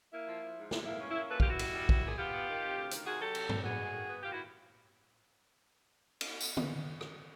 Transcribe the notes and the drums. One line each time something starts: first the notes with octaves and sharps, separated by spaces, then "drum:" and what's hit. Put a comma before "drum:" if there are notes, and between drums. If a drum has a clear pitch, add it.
A#3 E4
F3
F3
G#2
G#2, drum: snare
A#3 E4
C#4
E4
A#3
A#2 A4 B4
F4 G4, drum: kick
B3
E4 F#4
G3, drum: cymbal
G3
G3, drum: kick
A#2 G#4
B3 F4 G4
B3
D#3
C3
D2
D#3, drum: hi-hat
C3 F#4 G#4
F#3 G4 A4
C3, drum: cymbal
D2, drum: tom G2
B3 F#4 G#4
G#3
D#3
B3
D#2 F4 G4
E4 F#4
drum: cymbal
drum: tambourine
drum: tom
drum: rim click